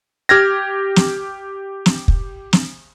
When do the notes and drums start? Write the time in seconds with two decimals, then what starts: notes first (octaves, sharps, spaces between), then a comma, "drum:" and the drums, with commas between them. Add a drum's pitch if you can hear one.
0.29 G4 F6 G#6 A#6
0.96 drum: snare
1.86 drum: snare
2.08 drum: kick
2.53 drum: snare